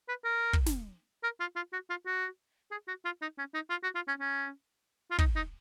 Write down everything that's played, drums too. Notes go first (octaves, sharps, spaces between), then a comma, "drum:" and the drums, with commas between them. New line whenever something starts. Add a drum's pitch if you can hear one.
B4
A#4
drum: kick
drum: snare
A#4
F4
F4
F#4
F4
F#4
G#4
F#4
F4
D#4
C#4
D#4
F4
F#4
F4
C#4
C#4
F4
D#4, drum: kick
D#4